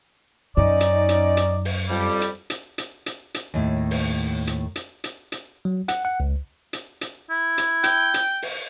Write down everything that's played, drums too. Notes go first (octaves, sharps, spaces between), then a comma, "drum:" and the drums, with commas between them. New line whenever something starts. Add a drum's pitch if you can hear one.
F#2 C#4 D#4 D5
drum: hi-hat
drum: hi-hat
drum: hi-hat
drum: open hi-hat
F2 G3
drum: hi-hat
drum: hi-hat
drum: hi-hat
drum: hi-hat
drum: hi-hat
D#2 A2
drum: open hi-hat
drum: hi-hat
drum: hi-hat
drum: hi-hat
drum: hi-hat
F#3
F#5, drum: hi-hat
F#5
C#2
drum: hi-hat
drum: hi-hat
E4
drum: hi-hat
G5, drum: hi-hat
drum: hi-hat
drum: open hi-hat